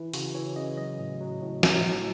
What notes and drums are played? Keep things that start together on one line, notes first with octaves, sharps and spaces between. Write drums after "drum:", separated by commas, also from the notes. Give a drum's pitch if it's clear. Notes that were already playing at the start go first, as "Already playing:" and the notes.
Already playing: E3 E4
C#3 F#4, drum: open hi-hat
E3 C#5
C#3 D#5
F#3 D#5
A2
F#3
A2
F#3, drum: snare
A2